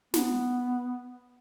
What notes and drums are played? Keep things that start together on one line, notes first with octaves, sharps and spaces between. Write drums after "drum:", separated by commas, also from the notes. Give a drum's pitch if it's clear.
B3, drum: snare